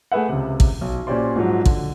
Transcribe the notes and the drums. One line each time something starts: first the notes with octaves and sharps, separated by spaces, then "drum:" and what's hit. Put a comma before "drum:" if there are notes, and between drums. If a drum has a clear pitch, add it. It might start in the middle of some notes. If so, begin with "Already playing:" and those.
A3 G#4 B4 E5 F#5
C#2 C3
drum: kick A1
B1
A#2 C#4 G4 C5 D5 C6
G#2 F3 F#3
D3, drum: kick A1